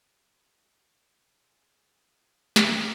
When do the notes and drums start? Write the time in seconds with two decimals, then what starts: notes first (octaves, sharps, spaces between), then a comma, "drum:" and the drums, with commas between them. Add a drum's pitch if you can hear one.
0.02 F#3 G#4
1.34 F4 G#4
2.56 drum: snare